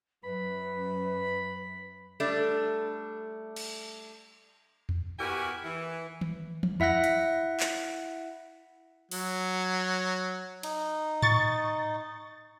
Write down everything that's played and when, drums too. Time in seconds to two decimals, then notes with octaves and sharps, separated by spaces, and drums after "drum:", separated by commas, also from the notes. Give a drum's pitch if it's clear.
0.24 F#2 B4 B5
2.20 G3 A3 D4
3.56 drum: cymbal
4.89 drum: tom E2
5.18 B3 E4 F#4 G4 A#4 G#5
5.64 E3
6.21 drum: tom D#3
6.63 drum: tom
6.80 E4 E5 F#5 F#6 A#6, drum: tom E2
7.04 drum: hi-hat
7.60 drum: clap
9.11 F#3, drum: open hi-hat
10.63 D#4, drum: cymbal
11.22 C#6 A6, drum: tom G#2